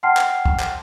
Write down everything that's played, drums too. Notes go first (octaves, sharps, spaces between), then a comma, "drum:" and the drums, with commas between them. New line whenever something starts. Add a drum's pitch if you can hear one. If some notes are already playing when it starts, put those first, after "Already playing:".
F#5 G5 A5 C6 F6 C7
drum: clap
drum: kick
drum: clap